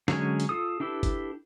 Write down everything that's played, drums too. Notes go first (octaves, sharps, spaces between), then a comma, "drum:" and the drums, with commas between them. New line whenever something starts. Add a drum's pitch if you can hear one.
D3 F#3 G#3 C#4 G#5, drum: snare
drum: hi-hat
F4 A4 D#6
D4 E4 G4 A4 B4
drum: kick G1, hi-hat